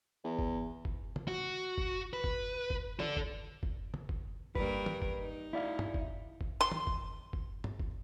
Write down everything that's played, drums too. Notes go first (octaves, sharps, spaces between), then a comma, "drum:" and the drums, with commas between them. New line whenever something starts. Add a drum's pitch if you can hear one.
E2
drum: kick F#1
drum: kick F#1
drum: tom
F#4
drum: kick F#1
B4
drum: kick F#1
drum: kick F#1
A4 D5, drum: tom
drum: kick F#1
drum: kick F#1
drum: tom
drum: kick F#1
G2 A#3 A#4 B4, drum: kick F#1
drum: tom
drum: kick F#1
D#4
E4 D5 F5
drum: tom
drum: kick F#1
drum: kick F#1
C6
drum: tom
drum: kick F#1
drum: kick F#1
drum: tom
drum: kick F#1